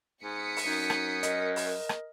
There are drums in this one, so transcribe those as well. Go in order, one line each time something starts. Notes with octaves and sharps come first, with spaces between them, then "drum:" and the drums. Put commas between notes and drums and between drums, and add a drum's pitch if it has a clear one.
G#2 D#6 B6 C#7
drum: open hi-hat
F#2 D#4
drum: rim click
A#4 D#5, drum: hi-hat
drum: open hi-hat
drum: rim click